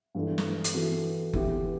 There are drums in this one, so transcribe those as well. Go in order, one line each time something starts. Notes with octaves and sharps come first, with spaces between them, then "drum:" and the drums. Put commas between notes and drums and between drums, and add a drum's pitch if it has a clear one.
G2 E3 B3 D4 A4
drum: snare
drum: hi-hat
E3 B3 F#4 A4
E3 B3 E4 G4, drum: kick F#1